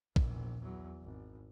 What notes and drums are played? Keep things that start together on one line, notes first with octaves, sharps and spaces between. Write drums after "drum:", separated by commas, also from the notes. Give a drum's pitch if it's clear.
A#1 E2, drum: kick A#1
E2 F#3
G#1